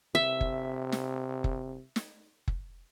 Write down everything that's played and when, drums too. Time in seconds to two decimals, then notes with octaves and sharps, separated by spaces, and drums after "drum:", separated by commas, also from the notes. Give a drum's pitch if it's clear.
0.15 C3 E5
0.41 drum: kick
0.92 drum: snare
1.44 drum: kick
1.96 drum: snare
2.48 drum: kick